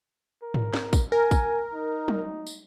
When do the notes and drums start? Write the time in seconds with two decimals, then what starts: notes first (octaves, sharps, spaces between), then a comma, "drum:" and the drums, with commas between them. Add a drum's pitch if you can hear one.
0.43 A#4
0.54 drum: tom G#2
0.74 drum: snare
0.93 drum: kick, tambourine
1.12 A#4 G#5
1.31 drum: kick, tambourine
1.73 D#4
2.08 drum: tom F#3
2.47 drum: tambourine